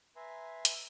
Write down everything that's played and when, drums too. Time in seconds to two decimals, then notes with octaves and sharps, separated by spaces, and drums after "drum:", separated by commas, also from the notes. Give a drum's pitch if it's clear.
0.16 B4 E5 G#5 A#5 C6
0.65 drum: hi-hat